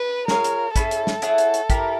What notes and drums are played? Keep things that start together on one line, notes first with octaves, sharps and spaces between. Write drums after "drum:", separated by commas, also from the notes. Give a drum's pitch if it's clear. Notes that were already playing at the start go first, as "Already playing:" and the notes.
Already playing: B4
F4 G#4 A#4 C#5 F5, drum: snare
drum: hi-hat
C#4 E4 G#4 A4, drum: kick, hi-hat
drum: hi-hat
drum: snare
E4 G#4 C#5 F#5, drum: hi-hat
drum: hi-hat
drum: hi-hat
E4 G4 A#4, drum: kick, hi-hat